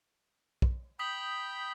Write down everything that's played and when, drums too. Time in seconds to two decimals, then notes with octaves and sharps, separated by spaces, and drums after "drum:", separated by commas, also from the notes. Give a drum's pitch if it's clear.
0.62 drum: kick
0.99 G5 B5 D#6 G6 B6 F#7